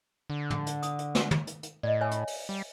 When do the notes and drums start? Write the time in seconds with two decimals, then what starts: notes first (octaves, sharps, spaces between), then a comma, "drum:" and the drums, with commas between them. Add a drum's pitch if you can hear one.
0.30 D3
0.50 drum: tom
0.66 drum: hi-hat
0.83 D#6, drum: hi-hat
0.99 drum: hi-hat
1.15 drum: snare
1.31 drum: tom
1.47 drum: hi-hat
1.63 drum: hi-hat
1.83 A2 D5 D#5
2.01 C#5 E5 G#5
2.11 drum: hi-hat
2.27 drum: open hi-hat
2.49 G3